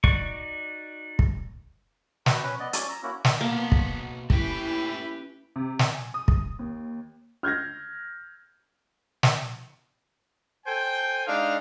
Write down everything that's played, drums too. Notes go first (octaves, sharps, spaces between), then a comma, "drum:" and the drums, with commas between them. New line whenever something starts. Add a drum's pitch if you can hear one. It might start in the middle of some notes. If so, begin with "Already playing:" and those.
D#4 F#4 D5 C#6, drum: kick
drum: kick
F#4 B4 G5 A#5, drum: snare
C#4 B4
B3 D5 D#5
C#4 C#5 D5 E6, drum: hi-hat
A#5 E6
A#3 C#4 E4 F#4
drum: snare
B2 A#3 B3 A5 A#5
drum: kick
A3 C#4 E4 G4 B4 G5, drum: kick
C3
G#5, drum: snare
D#6
drum: kick
D#2
F6 G6 G#6 A#6
drum: snare
A4 C5 G5 G#5
G#3 D4 D#4 F5